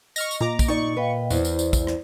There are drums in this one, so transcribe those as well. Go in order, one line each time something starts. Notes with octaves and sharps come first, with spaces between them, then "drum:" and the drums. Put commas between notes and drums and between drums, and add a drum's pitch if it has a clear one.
D#5 C#6 F6 A#6, drum: tambourine
drum: tambourine
A#2 A#5 D6
drum: kick, tambourine
D#4 D5 C#6
B4 D#5 F5 G5
E2 E4 C5 D5, drum: tambourine
drum: tambourine
drum: tambourine
drum: kick, tambourine
drum: rim click